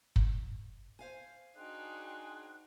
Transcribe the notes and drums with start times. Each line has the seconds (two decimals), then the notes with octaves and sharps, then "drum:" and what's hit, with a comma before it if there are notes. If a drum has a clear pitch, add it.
0.16 drum: kick
0.99 C5 F5 G#5
1.57 D4 D#4 F#4 G#4 G5 C6 F#6